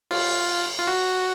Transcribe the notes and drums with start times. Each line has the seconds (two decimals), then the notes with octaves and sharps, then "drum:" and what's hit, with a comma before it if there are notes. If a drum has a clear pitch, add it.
0.11 F4, drum: cymbal
0.78 F4
0.87 F#4